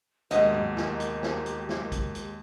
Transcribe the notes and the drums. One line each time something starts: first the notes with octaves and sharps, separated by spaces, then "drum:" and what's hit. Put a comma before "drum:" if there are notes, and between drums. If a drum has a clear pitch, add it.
D#2 B2 G#3 F#4 G4 A#4 D#5, drum: hi-hat
drum: tom G#2
drum: snare
drum: hi-hat
drum: snare
drum: hi-hat
drum: snare
drum: kick A#1, hi-hat
drum: hi-hat